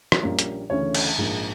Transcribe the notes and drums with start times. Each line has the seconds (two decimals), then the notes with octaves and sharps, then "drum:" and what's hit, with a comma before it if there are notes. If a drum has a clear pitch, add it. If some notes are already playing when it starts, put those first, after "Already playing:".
0.12 drum: rim click
0.23 A#1 A#2 G3 A#3 C#4
0.39 drum: hi-hat
0.70 D2 C#3 E3 A3 C#4 C#5
0.95 drum: cymbal
1.18 A#1 G#2 F3 A#3